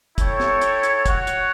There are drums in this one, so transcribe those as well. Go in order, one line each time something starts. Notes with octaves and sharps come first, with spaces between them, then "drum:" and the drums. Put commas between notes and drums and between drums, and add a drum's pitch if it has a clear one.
E4 A4 C#5 G5, drum: kick, hi-hat
drum: snare
drum: hi-hat
drum: hi-hat
F#4 C#5 F#5, drum: kick, hi-hat
drum: hi-hat